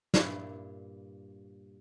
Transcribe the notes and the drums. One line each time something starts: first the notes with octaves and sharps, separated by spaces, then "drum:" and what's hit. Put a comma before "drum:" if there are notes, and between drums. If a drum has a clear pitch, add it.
G2 A#2 E4, drum: snare